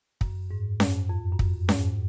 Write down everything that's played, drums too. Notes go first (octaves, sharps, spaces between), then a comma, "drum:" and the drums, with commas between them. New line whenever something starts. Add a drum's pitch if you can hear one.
F#2, drum: kick
G#2
F#2, drum: snare C#4
F2
F#2
F2, drum: kick
G#2, drum: snare C#4